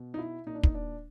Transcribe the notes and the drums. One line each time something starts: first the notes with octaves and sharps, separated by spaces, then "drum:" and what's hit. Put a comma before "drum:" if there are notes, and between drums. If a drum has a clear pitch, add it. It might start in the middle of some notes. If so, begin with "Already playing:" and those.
Already playing: B2
D#4
E4
A#2 D#4
D4
D#4, drum: kick
D4